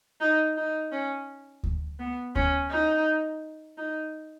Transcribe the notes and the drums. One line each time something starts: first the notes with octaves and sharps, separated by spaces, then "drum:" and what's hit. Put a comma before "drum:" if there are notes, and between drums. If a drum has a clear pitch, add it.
D#4
D#4
C#4
drum: kick D2
B3
C#4, drum: kick D2
D#4
D#4